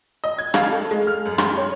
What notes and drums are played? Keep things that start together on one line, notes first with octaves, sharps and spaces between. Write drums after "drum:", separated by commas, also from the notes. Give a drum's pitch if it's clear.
D#5
G#6
F5, drum: rim click
A4
G#3
F6
F#2
C6, drum: rim click
C#5